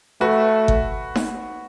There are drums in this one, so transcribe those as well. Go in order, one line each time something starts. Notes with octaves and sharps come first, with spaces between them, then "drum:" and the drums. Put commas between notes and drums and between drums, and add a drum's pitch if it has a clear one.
A3 F#4 B4
drum: kick G1
drum: snare D#4